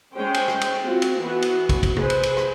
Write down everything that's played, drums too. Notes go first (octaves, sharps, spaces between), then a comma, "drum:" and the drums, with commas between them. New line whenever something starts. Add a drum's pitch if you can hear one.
G#3 C#4 C5 G5
drum: cymbal
drum: rim click
drum: cymbal
C4 F4 F#4
drum: cymbal
E3 B3 F#4 B4
drum: cymbal
drum: kick, cymbal
drum: kick, cymbal
G#4 B4 C5, drum: tom C3
drum: cymbal
drum: cymbal
drum: rim click